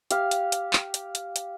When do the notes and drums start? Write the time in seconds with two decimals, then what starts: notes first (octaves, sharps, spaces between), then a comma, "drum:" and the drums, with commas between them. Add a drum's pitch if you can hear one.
0.11 G4 F5, drum: hi-hat
0.31 drum: hi-hat
0.52 drum: hi-hat
0.73 drum: clap
0.94 drum: hi-hat
1.15 drum: hi-hat
1.36 drum: hi-hat